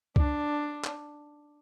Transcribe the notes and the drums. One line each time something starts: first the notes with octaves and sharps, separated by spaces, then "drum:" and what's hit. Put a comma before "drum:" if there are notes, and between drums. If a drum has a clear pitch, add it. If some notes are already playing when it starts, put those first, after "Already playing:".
D4, drum: kick
drum: clap